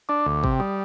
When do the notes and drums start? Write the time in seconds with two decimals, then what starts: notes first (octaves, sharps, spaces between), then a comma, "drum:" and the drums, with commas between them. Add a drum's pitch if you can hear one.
0.09 D4 D6
0.26 D2
0.44 C3, drum: kick
0.51 G5
0.60 G3 D#6